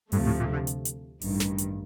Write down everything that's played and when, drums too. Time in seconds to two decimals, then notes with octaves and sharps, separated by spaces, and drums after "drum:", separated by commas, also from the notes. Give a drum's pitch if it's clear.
0.12 D2 G2 C3 F3 A3, drum: open hi-hat
0.26 A2
0.40 A#2
0.53 D3
0.67 drum: hi-hat
0.85 drum: hi-hat
1.21 A1 G2 D#3, drum: open hi-hat
1.40 drum: snare
1.58 drum: hi-hat